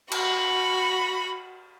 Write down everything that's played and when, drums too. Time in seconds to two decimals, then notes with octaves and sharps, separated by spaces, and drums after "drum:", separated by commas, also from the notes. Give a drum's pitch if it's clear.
0.11 F#4 B5, drum: cymbal